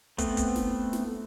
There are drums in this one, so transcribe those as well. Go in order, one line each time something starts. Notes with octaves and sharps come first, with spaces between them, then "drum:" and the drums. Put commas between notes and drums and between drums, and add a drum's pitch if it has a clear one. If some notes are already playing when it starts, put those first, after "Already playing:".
A3 B3 C4, drum: kick, hi-hat
drum: kick, hi-hat
drum: snare
drum: snare